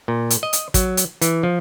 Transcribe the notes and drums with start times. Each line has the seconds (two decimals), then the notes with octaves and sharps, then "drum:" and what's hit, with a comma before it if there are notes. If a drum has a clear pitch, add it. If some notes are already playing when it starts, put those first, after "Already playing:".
0.08 A#2
0.30 drum: hi-hat
0.43 D#5
0.53 drum: hi-hat
0.74 F#3, drum: kick, hi-hat
0.97 drum: hi-hat
1.21 E3, drum: hi-hat
1.43 F3